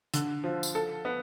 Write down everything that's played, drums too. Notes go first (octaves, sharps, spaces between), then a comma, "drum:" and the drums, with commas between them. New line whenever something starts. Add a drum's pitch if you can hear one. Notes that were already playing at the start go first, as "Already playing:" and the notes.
D3, drum: hi-hat
F3
drum: tambourine
A4
B3